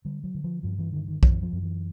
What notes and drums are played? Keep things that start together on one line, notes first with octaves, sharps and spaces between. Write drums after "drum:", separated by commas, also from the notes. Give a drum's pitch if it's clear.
D3 G3
F#3
D3
F3
G2 F3
E3
D3 D#3
D#3
F#2 E3, drum: kick B1
F3
F#2
E3